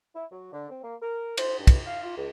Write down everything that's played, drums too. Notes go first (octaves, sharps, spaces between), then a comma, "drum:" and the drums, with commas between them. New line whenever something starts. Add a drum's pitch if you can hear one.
E4
F#3
D3
C4
A#3
A#4
C5, drum: cymbal
G2
drum: kick, cymbal
F5
F4
C#2